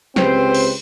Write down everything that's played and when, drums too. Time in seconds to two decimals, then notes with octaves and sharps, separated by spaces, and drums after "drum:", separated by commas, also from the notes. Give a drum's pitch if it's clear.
0.16 C#2 C4 G4 B4 C5 G5, drum: snare
0.55 drum: cymbal